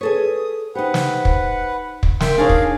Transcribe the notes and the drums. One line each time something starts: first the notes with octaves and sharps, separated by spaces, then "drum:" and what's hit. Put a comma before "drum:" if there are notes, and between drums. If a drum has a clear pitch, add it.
G#4 A4 B4 C#5 D#6
D#4 G4 B4 C5 F#5
drum: snare
drum: kick
drum: kick
A#4 E5 G5 C6, drum: snare
D4 D#4 G#4 C#5 F5
drum: kick